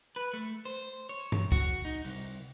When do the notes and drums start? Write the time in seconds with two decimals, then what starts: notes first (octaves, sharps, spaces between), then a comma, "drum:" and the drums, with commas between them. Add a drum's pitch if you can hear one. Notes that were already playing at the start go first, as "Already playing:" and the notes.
0.16 B4
0.33 A3
0.65 C5
1.09 C#5
1.32 drum: tom G2
1.52 F#4, drum: kick
1.85 D#4
2.05 C2, drum: open hi-hat